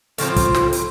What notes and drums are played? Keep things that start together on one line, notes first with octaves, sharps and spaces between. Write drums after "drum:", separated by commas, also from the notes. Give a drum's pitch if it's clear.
A2 F3 C4 F4, drum: hi-hat
drum: kick, hi-hat
drum: snare
drum: hi-hat